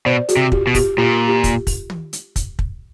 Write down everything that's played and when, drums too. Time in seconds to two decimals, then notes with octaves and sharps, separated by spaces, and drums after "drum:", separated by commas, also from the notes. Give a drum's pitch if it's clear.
0.05 B2 C5 D5
0.29 F#4 G#4, drum: hi-hat
0.37 C3
0.52 F4 G4, drum: kick
0.67 B2
0.74 F4 G4, drum: kick, open hi-hat
0.98 A#2 F4 G4
1.28 F4 G4
1.44 drum: kick, hi-hat
1.67 drum: kick, open hi-hat
1.90 drum: tom
2.13 drum: hi-hat
2.36 drum: kick, hi-hat
2.59 drum: kick